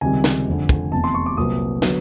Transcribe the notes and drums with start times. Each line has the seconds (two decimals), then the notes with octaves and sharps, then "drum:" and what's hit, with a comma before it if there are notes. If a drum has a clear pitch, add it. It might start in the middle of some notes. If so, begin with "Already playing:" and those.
0.01 C#2 C3 D#3 G3 C4 G#5
0.24 drum: snare
0.46 F1 F2 D3
0.69 drum: kick
0.91 F1 E2 C3 A5
1.04 C6
1.14 C#6
1.26 D6
1.37 C2 A#2 F#3 B3 D#6
1.82 D3 F#3 B3, drum: snare